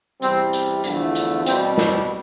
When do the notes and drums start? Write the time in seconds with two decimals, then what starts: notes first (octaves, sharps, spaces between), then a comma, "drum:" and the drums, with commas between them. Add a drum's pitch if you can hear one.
0.22 E2 C3 G3 C4, drum: hi-hat
0.53 drum: hi-hat
0.84 E2 D3 F3 A3 D4, drum: hi-hat
1.15 drum: hi-hat
1.46 B2 G3 C4, drum: hi-hat
1.78 C4, drum: snare